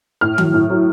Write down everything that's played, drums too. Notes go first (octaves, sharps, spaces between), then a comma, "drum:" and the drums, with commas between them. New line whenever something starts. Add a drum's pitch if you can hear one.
A2 F6
F#3, drum: tom D#3
A2
F#3